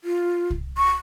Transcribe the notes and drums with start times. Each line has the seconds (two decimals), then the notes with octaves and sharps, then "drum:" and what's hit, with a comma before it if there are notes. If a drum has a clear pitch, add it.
0.04 F4
0.50 drum: kick C2
0.77 C#6